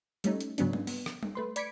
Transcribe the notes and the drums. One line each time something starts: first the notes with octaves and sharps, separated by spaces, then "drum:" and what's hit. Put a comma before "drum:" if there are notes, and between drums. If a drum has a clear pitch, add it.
G3 A3 C#4 D#4, drum: hi-hat
drum: hi-hat
G#2 C#3 F#3 B3 C#4 D4, drum: hi-hat
drum: tom G3
B3, drum: open hi-hat
drum: rim click
drum: tom G3
A3 B4 C6
D5 B5 G#6 B6 C#7 D7, drum: hi-hat